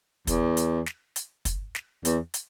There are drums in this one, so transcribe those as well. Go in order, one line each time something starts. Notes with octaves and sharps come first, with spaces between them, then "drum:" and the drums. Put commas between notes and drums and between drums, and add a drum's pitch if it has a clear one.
E2, drum: kick, hi-hat
drum: hi-hat
drum: snare
drum: hi-hat
drum: kick, hi-hat
drum: snare
E2, drum: hi-hat
drum: hi-hat